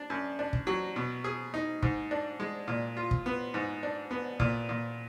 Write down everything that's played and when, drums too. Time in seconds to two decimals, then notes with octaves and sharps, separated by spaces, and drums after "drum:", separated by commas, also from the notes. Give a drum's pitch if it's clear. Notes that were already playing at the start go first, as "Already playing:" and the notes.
Already playing: D4
0.10 F#2
0.39 D4
0.53 drum: kick
0.67 F#3
0.96 B2
1.24 G#4
1.54 D#4
1.82 G#2, drum: kick
2.11 D4
2.40 G#3
2.68 A#2
2.97 F4
3.11 drum: kick
3.26 B3
3.54 G#2
3.83 D4
4.11 B3
4.40 A#2, drum: kick
4.69 A#2